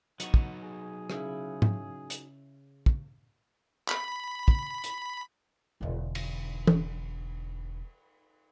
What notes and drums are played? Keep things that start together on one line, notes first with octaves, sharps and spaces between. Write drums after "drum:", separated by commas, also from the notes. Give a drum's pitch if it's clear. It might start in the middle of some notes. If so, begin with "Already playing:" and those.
F#3 B3 D#4 F#5 C#6, drum: hi-hat
drum: kick
G#4
C#3 E4, drum: rim click
drum: tom G#2
drum: hi-hat
drum: kick
B5, drum: clap
drum: kick
drum: hi-hat
E1 D3
drum: cymbal
drum: tom E3